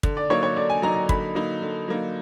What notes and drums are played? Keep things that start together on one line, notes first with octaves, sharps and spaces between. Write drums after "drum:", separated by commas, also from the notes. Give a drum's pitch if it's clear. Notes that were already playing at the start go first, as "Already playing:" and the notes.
D3, drum: kick
D5
F#3 A#3 D#4 C#5
C#5
D3 D5
G#5
F#3 A#3 D#4 A#5
A#5
D3 B5, drum: kick
F#3 A#3 D#4
D3
F#3 A#3 D#4